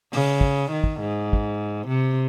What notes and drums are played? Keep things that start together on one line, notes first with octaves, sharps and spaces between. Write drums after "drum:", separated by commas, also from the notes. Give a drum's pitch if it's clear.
C#3, drum: open hi-hat
drum: kick
D#3
drum: kick
G#2
drum: kick
C3